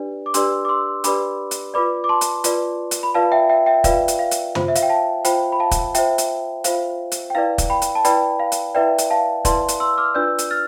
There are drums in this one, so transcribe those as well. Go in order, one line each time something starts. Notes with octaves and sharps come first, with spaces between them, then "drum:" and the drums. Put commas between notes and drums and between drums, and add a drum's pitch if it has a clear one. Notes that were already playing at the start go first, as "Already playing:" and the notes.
Already playing: D4 G4 B4 D5
D6
D4 G4 B4 D5 C6 E6, drum: hi-hat
D6
C6 E6
D4 G4 B4 D5 B5 D6, drum: hi-hat
drum: hi-hat
F4 B4 D5 B5 D6
D6
A5 C6
drum: hi-hat
F4 B4 D5, drum: hi-hat
drum: hi-hat
B5
F4 B4 D5 F5 A5
E5 G5
E5 G5
E5 G5
F4 B4 D5 F5, drum: kick, hi-hat
drum: hi-hat
F5
drum: hi-hat
F4 C5, drum: tom
E5
F5, drum: hi-hat
G5
F5 A5
F4 C5 G5 B5, drum: hi-hat
B5
F5 A5
drum: kick, hi-hat
F4 C5 E5 G5, drum: hi-hat
drum: hi-hat
F4 C5 F5, drum: hi-hat
drum: hi-hat
G5
E4 B4 D5 F5
drum: kick, hi-hat
G5 B5
drum: hi-hat
A5
E4 B4 D5 G5 B5, drum: hi-hat
F5
drum: hi-hat
E4 B4 D5 E5 G5
drum: hi-hat
F5 A5
E4 B4 D5 A5 C6, drum: kick, hi-hat
drum: hi-hat
C6 E6
D6 F6
D4 F4 B4 D5 E6 G6
drum: hi-hat
F6 A6